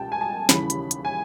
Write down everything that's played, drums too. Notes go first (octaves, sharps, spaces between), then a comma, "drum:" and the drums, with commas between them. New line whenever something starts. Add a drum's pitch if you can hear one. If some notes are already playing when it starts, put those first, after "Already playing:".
Already playing: C#2 B2 G3 G5 A5
G#5
A5
D#2 C#3 E3 G3 B5, drum: snare
drum: hi-hat
drum: hi-hat
G#5